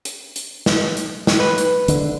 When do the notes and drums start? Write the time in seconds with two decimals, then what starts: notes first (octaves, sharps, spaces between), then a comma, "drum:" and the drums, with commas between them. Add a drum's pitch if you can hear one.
0.05 drum: hi-hat
0.36 drum: hi-hat
0.66 drum: snare
0.97 drum: hi-hat
1.27 drum: snare
1.40 B4
1.58 drum: hi-hat
1.88 D3, drum: hi-hat